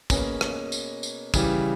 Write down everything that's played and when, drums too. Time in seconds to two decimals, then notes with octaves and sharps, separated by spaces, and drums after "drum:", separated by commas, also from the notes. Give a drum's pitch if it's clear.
0.10 B2 A#3 C#4 G#4 B4, drum: kick, tambourine
0.41 drum: rim click
0.72 drum: tambourine
1.03 drum: tambourine
1.34 C#3 E3 G3, drum: kick, tambourine